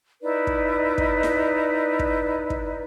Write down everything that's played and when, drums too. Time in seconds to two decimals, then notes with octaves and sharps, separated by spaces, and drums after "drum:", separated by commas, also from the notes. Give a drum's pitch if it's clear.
0.22 D#4 E4 B4 D5
0.47 drum: kick
0.98 drum: kick
1.23 drum: snare E4
1.99 drum: kick
2.50 drum: kick